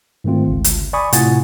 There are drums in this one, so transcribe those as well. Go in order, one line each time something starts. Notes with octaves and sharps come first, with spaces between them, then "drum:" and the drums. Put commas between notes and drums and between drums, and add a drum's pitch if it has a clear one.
G#2 D#3 A3 C4 F4
G1 C#2
drum: hi-hat
D5 G#5 B5 C#6 D#6
A2 C3 F4 F#5 G#5 A6, drum: hi-hat